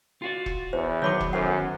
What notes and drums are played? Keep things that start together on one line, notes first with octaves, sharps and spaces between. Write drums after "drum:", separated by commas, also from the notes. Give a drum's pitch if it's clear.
F4 F#4 D5
drum: kick E1
E2 C5
D#3 F#3 B3 C#5 B5 D6
drum: kick E1
F#2 A4 C5 F#5